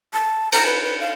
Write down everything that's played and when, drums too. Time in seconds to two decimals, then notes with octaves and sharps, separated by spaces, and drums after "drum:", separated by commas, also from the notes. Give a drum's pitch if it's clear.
0.13 A5
0.52 A#5, drum: cymbal
0.66 B4
0.83 B4
1.00 F5